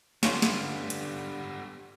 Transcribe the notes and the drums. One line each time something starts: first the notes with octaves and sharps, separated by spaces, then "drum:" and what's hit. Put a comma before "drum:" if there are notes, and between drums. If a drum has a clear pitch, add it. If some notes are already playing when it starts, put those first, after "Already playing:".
D3 G3 B3 C#4 F4, drum: snare
drum: snare
drum: hi-hat